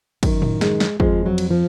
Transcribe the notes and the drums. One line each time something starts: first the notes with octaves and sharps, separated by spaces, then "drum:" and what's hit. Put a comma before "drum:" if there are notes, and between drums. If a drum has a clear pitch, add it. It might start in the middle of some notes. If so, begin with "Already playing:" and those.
F#2 D#3, drum: kick, cymbal
drum: tom A2
G#3, drum: snare
drum: snare
F2 F3 G#3, drum: kick
F#3
drum: cymbal
F3